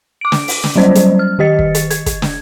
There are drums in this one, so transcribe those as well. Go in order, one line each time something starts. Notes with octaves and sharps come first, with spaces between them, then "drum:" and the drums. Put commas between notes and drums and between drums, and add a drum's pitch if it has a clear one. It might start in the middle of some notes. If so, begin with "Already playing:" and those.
D6 D7
drum: snare
drum: open hi-hat
drum: snare
F#3 G3 C#4 C5 D5 D#5
drum: hi-hat
F6
D#3 G4 D#5 A6 C#7
drum: kick
drum: hi-hat
G#6, drum: hi-hat
drum: kick, hi-hat
drum: snare